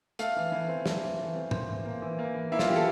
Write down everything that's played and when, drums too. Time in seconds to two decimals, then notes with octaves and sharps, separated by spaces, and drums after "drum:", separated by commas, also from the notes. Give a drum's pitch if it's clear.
0.19 A3 F5, drum: hi-hat
0.36 E3
0.52 E3
0.68 C4
0.86 A3, drum: snare
1.02 E3
1.19 E3
1.36 C4
1.51 A#3 C5, drum: tom G#2
1.68 E3
1.85 A#3
2.02 E3
2.19 A#3
2.34 E3
2.52 A#3 E4
2.59 F4, drum: snare
2.67 E3 G4
2.76 A4